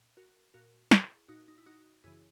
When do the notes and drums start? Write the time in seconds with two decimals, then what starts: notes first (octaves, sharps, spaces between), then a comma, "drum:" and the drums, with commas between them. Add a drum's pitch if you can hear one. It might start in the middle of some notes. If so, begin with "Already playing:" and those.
Already playing: A#2
0.17 F#4 A#4
0.54 A#2 F#4 A#4
0.91 E4 G#4, drum: snare
1.28 A#2 D#4 F#4
1.48 D#4
1.58 E4
1.66 D#4 F#4
2.04 F#2 C#3 E3 E4 G#4